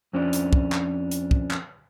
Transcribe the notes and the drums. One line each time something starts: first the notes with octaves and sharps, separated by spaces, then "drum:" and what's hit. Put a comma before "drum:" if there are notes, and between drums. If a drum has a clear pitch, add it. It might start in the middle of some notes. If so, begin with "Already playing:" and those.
F2 C#4 D4
drum: hi-hat
drum: kick
drum: clap
drum: hi-hat
drum: kick
drum: clap